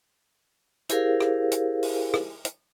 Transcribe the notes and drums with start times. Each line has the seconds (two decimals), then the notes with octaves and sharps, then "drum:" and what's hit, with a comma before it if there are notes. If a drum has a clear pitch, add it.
0.89 E4 G4 G#4 A#4 C5 F5, drum: hi-hat
1.20 drum: rim click
1.52 drum: hi-hat
1.83 drum: open hi-hat
2.14 drum: rim click
2.45 drum: hi-hat